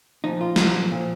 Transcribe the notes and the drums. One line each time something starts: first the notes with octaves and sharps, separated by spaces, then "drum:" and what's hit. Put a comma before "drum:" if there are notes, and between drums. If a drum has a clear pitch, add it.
A#2 F3 D#4
F4
drum: snare
A#2 F3